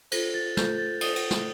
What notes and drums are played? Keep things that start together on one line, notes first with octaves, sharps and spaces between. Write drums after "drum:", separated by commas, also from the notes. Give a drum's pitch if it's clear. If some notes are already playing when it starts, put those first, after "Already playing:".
F4 A4 C5 A#6, drum: cymbal
A6
F4 A4 C5 G6, drum: snare
A6
F4 A4 C5 D#6, drum: cymbal
drum: cymbal
drum: snare